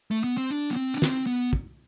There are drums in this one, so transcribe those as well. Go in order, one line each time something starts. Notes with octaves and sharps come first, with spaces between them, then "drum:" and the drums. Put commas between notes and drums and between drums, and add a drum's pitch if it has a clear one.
A3
B3
C4
D4
B3
C4
D4
C4, drum: snare
B3
drum: kick